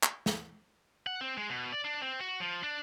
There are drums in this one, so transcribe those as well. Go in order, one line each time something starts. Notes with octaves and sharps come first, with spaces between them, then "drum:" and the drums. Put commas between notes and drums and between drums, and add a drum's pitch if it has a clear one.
drum: clap
drum: snare
F#5
C4
G#3
B2
D5
D4
C4
F#4
F3
D4